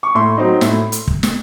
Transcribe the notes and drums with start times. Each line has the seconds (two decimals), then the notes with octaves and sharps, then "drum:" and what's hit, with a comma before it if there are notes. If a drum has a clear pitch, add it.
0.03 C#6
0.15 A2 C6
0.38 F#3 C4 D#4
0.61 A2, drum: snare
0.92 drum: hi-hat
1.07 drum: kick
1.23 drum: snare